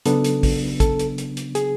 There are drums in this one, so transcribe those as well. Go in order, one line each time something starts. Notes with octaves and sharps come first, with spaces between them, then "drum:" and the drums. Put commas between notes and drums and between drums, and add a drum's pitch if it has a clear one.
C#3 F#3 B3 D4 A4, drum: hi-hat
drum: hi-hat
drum: kick, open hi-hat
A4, drum: kick, hi-hat
drum: hi-hat
drum: hi-hat
drum: hi-hat
G#4, drum: hi-hat